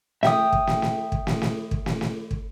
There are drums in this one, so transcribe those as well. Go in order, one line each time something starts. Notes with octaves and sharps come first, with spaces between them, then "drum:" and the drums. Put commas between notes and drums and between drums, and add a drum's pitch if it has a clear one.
E5 G5 D#6, drum: snare
drum: kick
drum: snare
drum: snare
drum: kick
drum: snare
drum: snare
drum: kick
drum: snare
drum: snare
drum: kick